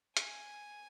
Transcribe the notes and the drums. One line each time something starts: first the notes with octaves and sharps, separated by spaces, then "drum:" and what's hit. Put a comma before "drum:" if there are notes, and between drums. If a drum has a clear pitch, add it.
G#5, drum: hi-hat